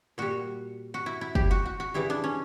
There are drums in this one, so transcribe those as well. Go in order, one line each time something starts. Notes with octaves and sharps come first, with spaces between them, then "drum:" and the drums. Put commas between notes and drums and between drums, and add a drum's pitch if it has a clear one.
A#2 G3 F#4
F#4
E4
E4
G4, drum: kick
F#4
F#4
F#4
C#3 E3 G3 E4
D4
C#4